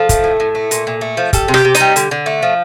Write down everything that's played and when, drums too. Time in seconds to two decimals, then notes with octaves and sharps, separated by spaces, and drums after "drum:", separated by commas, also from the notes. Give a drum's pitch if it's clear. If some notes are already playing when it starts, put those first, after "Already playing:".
Already playing: F3 A4
0.09 A3, drum: kick, hi-hat
0.24 A2
0.40 A2
0.55 A3
0.71 A#2, drum: hi-hat
0.87 A#2
1.01 A3
1.17 F3
1.33 G3 A4, drum: kick, hi-hat
1.48 C3
1.54 G4, drum: rim click
1.65 C3
1.75 D#4, drum: hi-hat
1.80 G3
1.96 D3, drum: hi-hat
2.11 D3
2.26 A3
2.42 F3